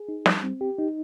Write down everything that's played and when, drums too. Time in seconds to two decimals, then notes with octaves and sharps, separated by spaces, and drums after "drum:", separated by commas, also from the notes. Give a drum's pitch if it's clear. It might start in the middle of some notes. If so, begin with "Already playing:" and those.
Already playing: G#4
0.09 D#4
0.26 G3, drum: snare
0.43 C4
0.61 G4
0.79 D#4